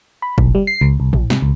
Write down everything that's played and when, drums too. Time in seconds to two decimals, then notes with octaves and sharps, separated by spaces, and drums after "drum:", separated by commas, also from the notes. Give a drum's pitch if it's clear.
0.22 B5
0.38 B1, drum: kick
0.55 G3
0.67 C7
0.81 C#2
1.00 C2
1.13 A#1, drum: tom
1.30 C3, drum: snare
1.42 C#2